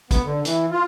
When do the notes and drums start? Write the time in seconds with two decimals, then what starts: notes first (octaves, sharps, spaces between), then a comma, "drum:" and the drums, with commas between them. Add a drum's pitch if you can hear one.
0.11 B3, drum: kick A#1, hi-hat
0.24 D3
0.45 E3, drum: hi-hat
0.71 F4